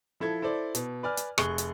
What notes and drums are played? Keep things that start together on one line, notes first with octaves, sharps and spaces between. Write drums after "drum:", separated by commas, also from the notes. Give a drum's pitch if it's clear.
F3 E4 A4 G#6
E4 A4 C5 D5
B2, drum: hi-hat
B4 D5 G#5 F6
drum: hi-hat
F1 G#4 C#6 F#6 G7, drum: rim click
drum: hi-hat